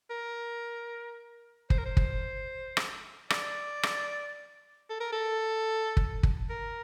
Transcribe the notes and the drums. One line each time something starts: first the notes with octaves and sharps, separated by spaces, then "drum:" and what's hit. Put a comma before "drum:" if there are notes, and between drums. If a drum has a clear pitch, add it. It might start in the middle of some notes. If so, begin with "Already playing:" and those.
A#4
C5, drum: kick
A#4
C5
drum: kick
drum: rim click
D5, drum: rim click
drum: rim click
A4
A#4
A4
drum: kick
drum: kick
A#4